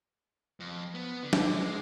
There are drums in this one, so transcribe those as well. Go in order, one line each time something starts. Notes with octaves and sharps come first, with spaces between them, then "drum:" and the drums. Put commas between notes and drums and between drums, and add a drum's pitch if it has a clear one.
F2
B3
D3
drum: snare
G#3